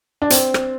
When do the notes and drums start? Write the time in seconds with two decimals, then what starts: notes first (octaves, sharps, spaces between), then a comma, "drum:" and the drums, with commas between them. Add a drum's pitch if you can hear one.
0.22 D4
0.30 C4, drum: hi-hat
0.54 drum: rim click